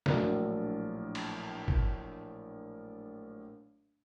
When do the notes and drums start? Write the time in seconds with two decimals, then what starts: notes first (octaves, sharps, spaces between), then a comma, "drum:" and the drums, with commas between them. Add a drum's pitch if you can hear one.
0.06 A#1 A2 F#3 A#3 D4, drum: snare
1.15 drum: cymbal
1.68 drum: kick